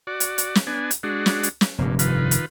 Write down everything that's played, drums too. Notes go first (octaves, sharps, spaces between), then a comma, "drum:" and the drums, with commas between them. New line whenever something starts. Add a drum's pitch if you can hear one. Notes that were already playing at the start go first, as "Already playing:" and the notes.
F#4 D5
drum: hi-hat
drum: hi-hat
drum: snare
B3 D4 G#5
drum: hi-hat
G#3 D4 F#4
drum: snare
drum: hi-hat
drum: snare
F1 G2 A#2
D#3 F4 B4, drum: hi-hat
drum: hi-hat